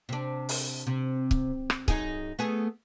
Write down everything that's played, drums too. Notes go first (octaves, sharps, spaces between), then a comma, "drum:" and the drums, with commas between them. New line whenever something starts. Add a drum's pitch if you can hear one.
C3 D4
drum: open hi-hat
C3
drum: kick C#1
drum: rim click
F#2 D#4 G#4, drum: kick C#1
A3 B3 G#4